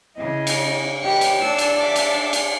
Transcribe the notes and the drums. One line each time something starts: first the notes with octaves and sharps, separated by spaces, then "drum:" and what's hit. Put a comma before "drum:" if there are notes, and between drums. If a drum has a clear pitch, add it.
C#3 E4 D#5
drum: cymbal
G4 B4 D#5 G5 C#7
drum: cymbal
D4 D5 E6
drum: cymbal
E5 D6
drum: cymbal
drum: cymbal